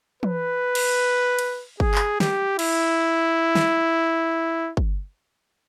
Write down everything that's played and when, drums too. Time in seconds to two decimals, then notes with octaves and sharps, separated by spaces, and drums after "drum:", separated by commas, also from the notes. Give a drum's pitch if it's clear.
0.23 B4, drum: tom E3
0.75 drum: cymbal
1.39 drum: cymbal
1.80 G#4, drum: kick
1.95 drum: clap
2.20 G4, drum: snare
2.59 E4, drum: cymbal
3.55 drum: snare
4.77 drum: kick